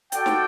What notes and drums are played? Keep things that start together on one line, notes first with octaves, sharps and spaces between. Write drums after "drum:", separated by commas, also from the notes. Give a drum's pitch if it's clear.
F#4 A4 D5 G5, drum: hi-hat
drum: snare